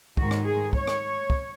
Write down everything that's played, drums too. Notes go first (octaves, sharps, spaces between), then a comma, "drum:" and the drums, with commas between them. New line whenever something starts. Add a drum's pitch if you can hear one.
G#2 D#3 G#3 F#4, drum: kick
drum: rim click
G#4
C#5, drum: kick
drum: rim click
drum: kick